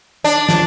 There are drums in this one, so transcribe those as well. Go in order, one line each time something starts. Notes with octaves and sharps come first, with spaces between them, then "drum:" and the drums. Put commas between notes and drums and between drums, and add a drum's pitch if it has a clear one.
D4, drum: hi-hat
drum: snare